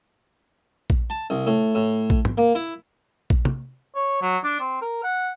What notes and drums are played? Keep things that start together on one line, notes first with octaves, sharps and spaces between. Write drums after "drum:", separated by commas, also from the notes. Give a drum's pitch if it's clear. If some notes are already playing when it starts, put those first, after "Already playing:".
drum: kick A#1
A5
C2
A2
A2
drum: kick A#1
drum: tom
A#3
E4
drum: kick A#1
drum: tom
C#5
F#3
D4
C4
A#4
F#5